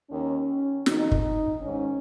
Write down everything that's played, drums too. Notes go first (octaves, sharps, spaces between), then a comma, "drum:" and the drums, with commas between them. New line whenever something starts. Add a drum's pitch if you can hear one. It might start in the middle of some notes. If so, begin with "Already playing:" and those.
D#2 D#3 C#4
F2 D#3 D#4, drum: snare
drum: kick
G#2 D#3 C#4